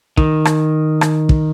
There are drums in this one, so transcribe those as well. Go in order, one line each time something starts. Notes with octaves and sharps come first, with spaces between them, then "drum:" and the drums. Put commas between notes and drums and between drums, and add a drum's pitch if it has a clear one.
D#3, drum: kick
drum: rim click
drum: rim click
drum: kick